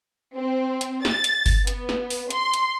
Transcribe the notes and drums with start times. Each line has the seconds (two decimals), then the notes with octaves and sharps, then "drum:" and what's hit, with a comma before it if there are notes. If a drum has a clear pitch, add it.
0.36 C4
0.81 drum: hi-hat
1.05 A6, drum: snare
1.24 drum: hi-hat
1.46 drum: kick G1, open hi-hat
1.67 B3, drum: hi-hat
1.89 drum: snare
2.10 drum: open hi-hat
2.30 C6, drum: hi-hat
2.54 drum: hi-hat